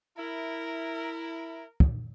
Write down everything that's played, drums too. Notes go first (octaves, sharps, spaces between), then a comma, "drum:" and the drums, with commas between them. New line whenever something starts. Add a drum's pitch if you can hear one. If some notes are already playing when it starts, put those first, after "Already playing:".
E4 A#4
drum: kick